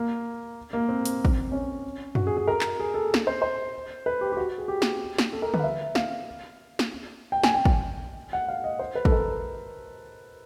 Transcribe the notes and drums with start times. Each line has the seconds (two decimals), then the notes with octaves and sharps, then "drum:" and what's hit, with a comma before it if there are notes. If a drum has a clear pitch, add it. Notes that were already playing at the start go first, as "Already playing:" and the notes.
Already playing: A#3
0.73 A#3
0.89 C4
1.05 drum: hi-hat
1.25 drum: kick
1.52 C#4
2.15 F#4, drum: tom F#2
2.27 G#4
2.37 G#4
2.48 A#4
2.61 drum: clap
2.80 G#4
2.94 A4
3.14 drum: snare
3.27 C5
3.42 C5
4.06 B4
4.21 G4
4.32 G4
4.37 F#4
4.58 G#4
4.68 G4
4.82 drum: snare
5.18 drum: snare
5.33 A4
5.42 A#4
5.54 B4, drum: tom D3
5.59 F5
5.63 E5
5.95 F5, drum: snare
6.79 drum: snare
7.32 G5
7.44 G#5, drum: snare
7.54 G5
7.65 drum: kick
8.33 F#5
8.48 F5
8.64 D#5
8.79 C5
8.95 B4
9.05 A4, drum: kick
9.12 A#4